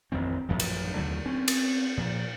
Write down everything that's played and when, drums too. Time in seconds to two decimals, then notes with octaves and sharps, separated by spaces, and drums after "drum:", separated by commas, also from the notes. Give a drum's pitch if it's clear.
0.12 A1 F2 D#3 C4
0.49 A1 F#2 A#2 F3
0.60 drum: cymbal
0.96 D#2 D3 F#3 A3
1.26 C4 C#4
1.48 drum: cymbal
1.97 A#2 F3